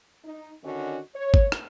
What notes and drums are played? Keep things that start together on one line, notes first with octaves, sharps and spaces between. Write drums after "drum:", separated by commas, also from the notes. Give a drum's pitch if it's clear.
D#4
D3 D#3 C#4 D4 F#4 D#5
C#5
drum: kick
drum: rim click